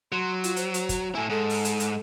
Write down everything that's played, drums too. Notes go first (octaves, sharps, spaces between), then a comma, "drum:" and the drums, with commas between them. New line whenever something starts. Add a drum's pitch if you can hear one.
F#3 C6
F4, drum: hi-hat
C5, drum: hi-hat
drum: hi-hat
drum: kick, hi-hat
A2 E4 G#5
G#2 A4
drum: open hi-hat
drum: hi-hat
drum: hi-hat